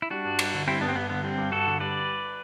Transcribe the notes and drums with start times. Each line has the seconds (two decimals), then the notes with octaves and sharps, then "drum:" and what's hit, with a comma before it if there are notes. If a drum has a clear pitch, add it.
0.02 E4
0.10 G3 D4 F#4
0.25 G2
0.39 G2, drum: cymbal
0.54 D3
0.67 G3 C4 E4
0.81 G2 B3 D4
0.89 C4
0.95 G2 B3
1.10 D3 B3
1.24 G3 C4
1.38 G2
1.52 G2 F#4 A4
1.67 D3
1.80 G3 B4 D5